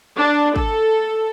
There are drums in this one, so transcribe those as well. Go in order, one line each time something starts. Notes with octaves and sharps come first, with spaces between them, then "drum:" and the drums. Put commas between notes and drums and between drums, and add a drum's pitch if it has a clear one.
D4
A4, drum: kick